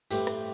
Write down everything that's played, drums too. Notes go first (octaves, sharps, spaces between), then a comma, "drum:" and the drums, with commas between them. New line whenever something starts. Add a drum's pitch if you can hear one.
A1 G2 E3 A3 C4 G4, drum: tambourine
drum: rim click